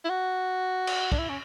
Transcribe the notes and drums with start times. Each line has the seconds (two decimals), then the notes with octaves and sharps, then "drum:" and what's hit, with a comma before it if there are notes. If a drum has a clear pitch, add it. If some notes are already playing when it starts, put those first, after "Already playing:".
0.05 E4
0.09 F#4
0.87 drum: cymbal
1.12 D4, drum: kick
1.19 E4
1.29 C#4